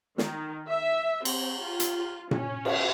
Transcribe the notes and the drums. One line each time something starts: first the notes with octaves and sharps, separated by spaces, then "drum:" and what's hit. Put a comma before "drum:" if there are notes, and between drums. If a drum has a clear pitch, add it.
D#3, drum: snare
E5
C4, drum: cymbal
F4
drum: hi-hat
C#4, drum: tom A#2
drum: cymbal